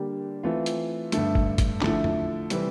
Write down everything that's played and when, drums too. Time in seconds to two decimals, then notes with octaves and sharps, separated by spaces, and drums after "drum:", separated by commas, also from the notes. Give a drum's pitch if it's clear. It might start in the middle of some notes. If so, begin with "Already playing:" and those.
Already playing: D3 G3 A#3 D4 G4
0.43 E3 A3 C4 F4
0.66 drum: hi-hat
1.12 G2 D3 A3, drum: hi-hat
1.35 drum: kick
1.58 drum: kick, hi-hat
1.81 D3 F3 A3 E4, drum: clap
2.04 drum: tom E2
2.50 C3 E3 G3 C4, drum: hi-hat